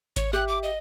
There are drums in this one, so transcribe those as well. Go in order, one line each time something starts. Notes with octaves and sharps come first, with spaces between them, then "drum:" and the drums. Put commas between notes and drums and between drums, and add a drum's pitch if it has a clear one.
C#5, drum: kick G#1, hi-hat
G4 E5 F#6
D6
D#5